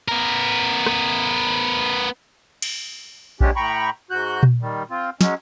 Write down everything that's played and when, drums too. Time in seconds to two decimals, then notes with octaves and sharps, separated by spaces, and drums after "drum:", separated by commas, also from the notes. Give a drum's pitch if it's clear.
0.08 B3 A#4
0.86 drum: rim click
2.62 drum: cymbal
3.41 G#3 A#3 C#4 D4 G4, drum: kick A#1
3.56 A2 G5 A#5 B5 C#6
4.11 G#2 F#4 F#6 G6
4.43 drum: tom A#2
4.61 D#3 G3
4.90 C4 F4
5.21 F#3 G#3 C#4, drum: snare